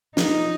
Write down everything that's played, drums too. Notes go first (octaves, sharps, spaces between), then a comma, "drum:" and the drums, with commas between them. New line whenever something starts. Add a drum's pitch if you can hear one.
F3 D#4, drum: snare